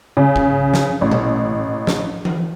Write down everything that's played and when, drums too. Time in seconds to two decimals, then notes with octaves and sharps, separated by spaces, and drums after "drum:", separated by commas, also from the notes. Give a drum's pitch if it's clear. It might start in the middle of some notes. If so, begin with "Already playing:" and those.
0.17 C#3
0.36 drum: kick
0.74 drum: snare
1.01 A1
1.11 drum: tom A#2
1.87 drum: snare
2.25 drum: tom E3